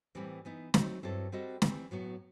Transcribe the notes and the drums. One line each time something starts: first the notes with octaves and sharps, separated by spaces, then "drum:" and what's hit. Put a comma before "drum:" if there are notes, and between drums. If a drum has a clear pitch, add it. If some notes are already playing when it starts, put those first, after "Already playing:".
A2 E3 G3 C4
E3 B3 D#4
F#3 A3 C4 D#4, drum: snare
G2 F#3 C4 E4 A4
G3 C4 F#4 A4 D#5
E3 G3 C4, drum: snare
A2 F#3 B3